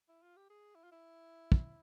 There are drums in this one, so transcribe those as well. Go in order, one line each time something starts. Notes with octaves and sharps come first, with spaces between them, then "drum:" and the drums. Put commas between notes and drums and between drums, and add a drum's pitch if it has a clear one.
E4
F4
G4
G#4
E4
F4
E4
drum: kick